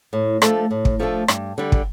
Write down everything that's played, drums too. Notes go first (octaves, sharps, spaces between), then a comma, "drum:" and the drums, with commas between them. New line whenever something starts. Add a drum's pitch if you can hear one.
A2
F3 A3 D4 A4, drum: rim click
A2
drum: kick
F3 A3 D4 A4
G2, drum: rim click
D3 G3
drum: kick